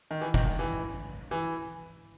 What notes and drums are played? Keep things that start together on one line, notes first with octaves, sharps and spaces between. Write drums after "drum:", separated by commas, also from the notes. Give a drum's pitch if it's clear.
D#3
E3
D#3, drum: kick
D#3
E3
E3